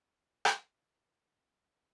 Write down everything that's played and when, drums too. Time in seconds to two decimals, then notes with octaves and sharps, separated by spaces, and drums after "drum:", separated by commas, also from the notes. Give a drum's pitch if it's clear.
0.09 D3 E3 G#3 B3 C4 A#4
0.45 drum: rim click